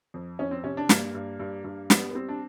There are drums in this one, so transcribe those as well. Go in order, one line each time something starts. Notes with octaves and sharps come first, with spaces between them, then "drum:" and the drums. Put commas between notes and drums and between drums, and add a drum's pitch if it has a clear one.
F2
F2 C#4
C4
C3 C#4
D4
G2 A#3, drum: snare
G2
G2
G2
G3 B3, drum: snare
B3
G3 C4
D4